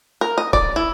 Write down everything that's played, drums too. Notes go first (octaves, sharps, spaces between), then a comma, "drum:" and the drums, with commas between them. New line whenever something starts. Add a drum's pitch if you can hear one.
A#4
D#5
D5, drum: kick
E4